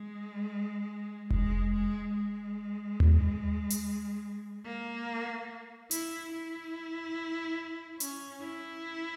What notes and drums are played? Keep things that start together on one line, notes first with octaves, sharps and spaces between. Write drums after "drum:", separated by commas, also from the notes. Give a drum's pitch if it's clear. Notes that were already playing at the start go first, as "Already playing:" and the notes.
Already playing: G#3
G#3, drum: kick F1
G#3
G#3
drum: tom D#2
drum: hi-hat
A#3
E4, drum: hi-hat
E4
C#4, drum: hi-hat
E4